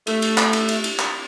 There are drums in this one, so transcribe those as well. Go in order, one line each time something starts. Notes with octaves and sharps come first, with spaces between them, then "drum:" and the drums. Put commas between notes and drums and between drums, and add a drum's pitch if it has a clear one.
A3, drum: cymbal
drum: cymbal
drum: clap
drum: cymbal
drum: cymbal
drum: cymbal
drum: clap